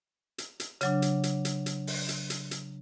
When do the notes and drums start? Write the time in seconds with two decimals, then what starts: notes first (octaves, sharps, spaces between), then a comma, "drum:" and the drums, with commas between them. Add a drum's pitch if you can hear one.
0.38 drum: hi-hat
0.60 drum: hi-hat
0.81 C#3 F#3 D4, drum: hi-hat
1.02 drum: hi-hat
1.23 drum: hi-hat
1.45 drum: hi-hat
1.66 drum: hi-hat
1.87 drum: open hi-hat
2.09 drum: hi-hat
2.30 drum: hi-hat
2.51 drum: hi-hat